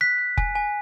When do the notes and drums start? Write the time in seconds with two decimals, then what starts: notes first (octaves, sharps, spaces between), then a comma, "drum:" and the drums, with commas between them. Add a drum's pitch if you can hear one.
0.01 F#6 B6
0.18 F#6
0.37 G#5, drum: kick F1
0.55 G#5